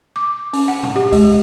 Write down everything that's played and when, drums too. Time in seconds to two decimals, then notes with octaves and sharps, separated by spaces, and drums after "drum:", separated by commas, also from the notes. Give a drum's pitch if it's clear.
0.16 D6
0.53 C#4, drum: open hi-hat
0.68 F#5
0.83 drum: tom G#2
0.96 G4
1.12 G#3, drum: kick C#2, open hi-hat